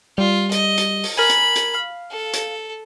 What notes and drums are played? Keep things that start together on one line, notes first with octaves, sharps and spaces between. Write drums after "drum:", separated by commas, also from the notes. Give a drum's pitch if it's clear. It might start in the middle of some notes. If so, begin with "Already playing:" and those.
G3 F4
D#5, drum: hi-hat
drum: hi-hat
drum: open hi-hat
A#4 G#5 B5
drum: hi-hat
drum: hi-hat
F5
A4
drum: hi-hat